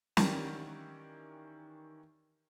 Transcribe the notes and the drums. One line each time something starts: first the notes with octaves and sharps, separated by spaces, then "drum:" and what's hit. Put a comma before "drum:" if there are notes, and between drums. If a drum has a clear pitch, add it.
D#3 E3 C#4 D4 G4 A#4, drum: snare